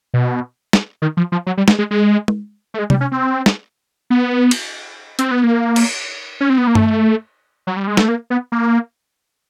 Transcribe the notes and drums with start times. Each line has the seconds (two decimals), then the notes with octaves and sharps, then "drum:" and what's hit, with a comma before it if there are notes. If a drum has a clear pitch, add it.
0.14 B2
0.73 drum: snare
1.02 D#3
1.17 F3
1.32 F3
1.47 F#3
1.57 G3
1.68 G#3, drum: snare
1.79 G#3
1.91 G#3
2.28 drum: tom
2.74 A3
2.79 G#3
2.90 G3, drum: tom C3
3.01 C#4
3.12 C4
3.46 drum: snare
4.10 B3
4.51 drum: cymbal
5.19 C4, drum: hi-hat
5.31 B3
5.44 A#3
5.76 drum: cymbal
6.41 C#4
6.50 C4
6.58 B3
6.67 A#3
6.75 A3, drum: tom G2
7.67 F#3
7.77 G3
7.87 G#3
7.97 A3, drum: snare
8.08 A#3
8.30 B3
8.52 A#3